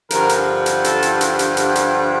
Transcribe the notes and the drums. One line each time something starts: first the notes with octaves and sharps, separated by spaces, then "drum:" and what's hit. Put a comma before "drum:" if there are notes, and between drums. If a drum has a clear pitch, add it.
G2 D3 F3 A#4, drum: hi-hat
drum: hi-hat
drum: hi-hat
A4, drum: hi-hat
drum: hi-hat
drum: hi-hat
drum: hi-hat
G4, drum: hi-hat
drum: hi-hat